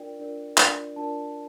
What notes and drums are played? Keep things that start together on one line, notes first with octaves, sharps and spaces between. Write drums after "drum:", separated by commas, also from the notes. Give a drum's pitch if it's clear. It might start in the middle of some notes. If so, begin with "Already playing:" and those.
Already playing: D4 F4 A#4 D5 G5
D4 F4 A#4 D5
D4 F4 A#4 D5, drum: clap
D4 F4 A#4 D5 A5